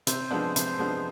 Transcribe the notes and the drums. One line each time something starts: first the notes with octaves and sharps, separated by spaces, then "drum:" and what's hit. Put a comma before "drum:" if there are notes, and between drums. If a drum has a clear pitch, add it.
C3 C5, drum: hi-hat
F3 G#3 B3 D4
C3, drum: hi-hat
F3 G#3 B3 D4